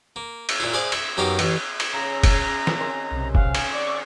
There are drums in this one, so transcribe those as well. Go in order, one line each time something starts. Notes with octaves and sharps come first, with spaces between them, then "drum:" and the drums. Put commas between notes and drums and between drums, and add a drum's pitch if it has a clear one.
A#3
drum: cymbal
A#2 E4
G#4 C5 D5 F5 G#5
E5, drum: cymbal
F#2 A#3 B3 D#4 G4 F5
A1, drum: cymbal
drum: cymbal
C#3 A#5 B5
drum: kick, cymbal
drum: snare
D#3 C4 C#4
B1 C3
F5 F#5 G#5, drum: kick
drum: cymbal
D5 C#6 D6